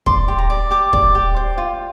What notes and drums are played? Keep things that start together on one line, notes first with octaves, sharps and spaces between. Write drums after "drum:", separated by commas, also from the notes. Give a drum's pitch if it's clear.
D5 C6, drum: kick
G4
A#5
D5
G4 D6
D5, drum: kick
G4
C5
F4